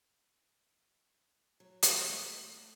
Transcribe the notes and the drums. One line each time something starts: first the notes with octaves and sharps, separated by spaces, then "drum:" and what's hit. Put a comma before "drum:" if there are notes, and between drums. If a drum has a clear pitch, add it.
F#3
D#2, drum: hi-hat
A3